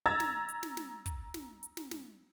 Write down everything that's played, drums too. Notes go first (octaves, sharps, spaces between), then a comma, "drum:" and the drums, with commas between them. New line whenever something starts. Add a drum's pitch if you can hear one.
A#5 E6 G#6 A6
drum: snare
drum: hi-hat
drum: snare
drum: snare
drum: kick, hi-hat
drum: snare
drum: hi-hat
drum: snare
drum: snare